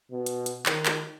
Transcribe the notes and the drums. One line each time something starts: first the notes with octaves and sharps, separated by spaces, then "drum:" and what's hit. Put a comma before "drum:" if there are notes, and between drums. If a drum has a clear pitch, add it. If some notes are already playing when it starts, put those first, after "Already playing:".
B2
drum: hi-hat
drum: hi-hat
D#3, drum: clap
drum: clap